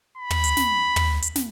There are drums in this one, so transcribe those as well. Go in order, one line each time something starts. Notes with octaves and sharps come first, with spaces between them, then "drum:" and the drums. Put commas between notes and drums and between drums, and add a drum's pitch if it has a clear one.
B5
drum: tom
drum: hi-hat
drum: snare
drum: tom
drum: hi-hat
drum: snare